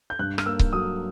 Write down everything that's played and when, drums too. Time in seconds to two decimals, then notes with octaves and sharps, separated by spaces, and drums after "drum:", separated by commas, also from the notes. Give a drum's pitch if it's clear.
0.10 G6
0.19 G2 F#6
0.38 F6, drum: rim click
0.46 A#3 E6
0.59 drum: kick C#1
0.73 F#3 D#6